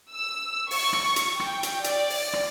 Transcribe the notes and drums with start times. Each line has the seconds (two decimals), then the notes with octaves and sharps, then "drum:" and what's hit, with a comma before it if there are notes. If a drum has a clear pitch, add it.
0.12 E6
0.71 C#6, drum: open hi-hat
0.93 drum: rim click
1.16 drum: hi-hat
1.40 G5, drum: rim click
1.63 drum: hi-hat
1.84 D5, drum: hi-hat
2.10 drum: open hi-hat
2.33 drum: rim click